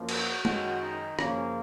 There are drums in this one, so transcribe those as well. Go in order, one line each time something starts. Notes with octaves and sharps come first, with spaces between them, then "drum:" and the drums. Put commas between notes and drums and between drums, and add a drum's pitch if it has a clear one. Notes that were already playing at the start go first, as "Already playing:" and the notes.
Already playing: F#2 F3 A#3
F#3 F#4, drum: cymbal
F#2 D#3 F#3 G#3 F#4, drum: tom G#3
D#3 D#4
F#2 C#3 F3 A#3 C#4, drum: rim click